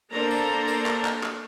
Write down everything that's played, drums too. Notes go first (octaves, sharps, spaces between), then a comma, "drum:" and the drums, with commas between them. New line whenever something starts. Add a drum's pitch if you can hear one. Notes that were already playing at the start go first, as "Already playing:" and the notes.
A#3 D4 A4 C5 A#5
drum: tambourine
drum: tambourine
drum: clap
drum: clap
drum: clap